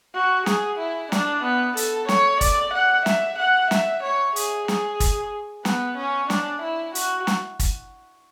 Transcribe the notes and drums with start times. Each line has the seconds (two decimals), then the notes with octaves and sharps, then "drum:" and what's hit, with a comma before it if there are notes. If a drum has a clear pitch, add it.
0.14 F#4
0.46 G#4, drum: snare
0.79 E4
1.12 D4, drum: snare
1.44 B3
1.77 A4, drum: hi-hat
2.09 C#5, drum: snare
2.41 D5, drum: kick, hi-hat
2.74 F#5
3.06 E5, drum: snare
3.39 F#5
3.71 E5, drum: snare
4.03 C#5
4.36 G#4, drum: hi-hat
4.68 G#4, drum: snare
5.00 drum: kick, hi-hat
5.65 B3, drum: snare
5.98 C#4
6.30 D4, drum: snare
6.62 E4
6.95 F#4, drum: hi-hat
7.27 drum: snare
7.59 drum: kick, hi-hat